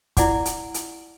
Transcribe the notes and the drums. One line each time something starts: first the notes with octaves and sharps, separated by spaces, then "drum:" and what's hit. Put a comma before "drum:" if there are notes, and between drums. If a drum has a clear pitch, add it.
E4 D5 F#5 D6, drum: kick, hi-hat
drum: hi-hat
drum: hi-hat